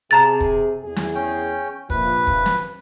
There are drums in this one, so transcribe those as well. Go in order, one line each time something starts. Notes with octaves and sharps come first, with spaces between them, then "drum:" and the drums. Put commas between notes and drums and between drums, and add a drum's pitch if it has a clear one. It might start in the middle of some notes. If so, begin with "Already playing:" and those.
C3 G#4 A5 A#5 A6
drum: kick
E2 G#4
drum: snare
C#4 G5
A#1 C3 F3 B4, drum: kick
drum: kick
drum: snare